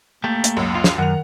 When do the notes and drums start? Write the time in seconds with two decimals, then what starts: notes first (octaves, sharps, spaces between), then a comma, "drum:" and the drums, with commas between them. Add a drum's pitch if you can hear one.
0.24 A3 A#3 G4
0.44 drum: hi-hat
0.57 C#2 F#2
0.75 F4
0.84 drum: snare
0.98 F#2 D#3 F#5 F7